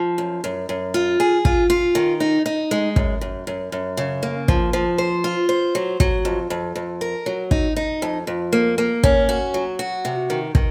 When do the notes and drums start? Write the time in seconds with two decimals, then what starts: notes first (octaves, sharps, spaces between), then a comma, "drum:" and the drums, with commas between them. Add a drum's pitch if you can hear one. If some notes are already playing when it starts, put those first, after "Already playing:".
Already playing: F3
0.18 F#2
0.44 F#2
0.69 F#2
0.94 F4
1.20 G#4
1.45 F4, drum: kick
1.70 F4
1.95 D#3
2.20 D#4
2.46 D#4
2.71 G#3
2.96 F#2, drum: kick
3.21 F#2
3.47 F#2
3.72 F#2
3.97 C#3
4.23 A#3
4.48 F3, drum: kick
4.73 F3
4.98 C5
5.24 F4
5.49 C5
5.75 F#3
6.00 F#3, drum: kick
6.25 F2
6.50 F2
6.75 F2
7.01 A#4
7.26 F#3
7.51 D#4, drum: kick
7.76 D#4
8.02 F2
8.27 F2
8.53 A#3
8.78 A#3
9.03 C#4, drum: kick
9.29 F#4
9.54 F#3
9.79 F#4
10.05 C3
10.30 D#3
10.55 D#3, drum: kick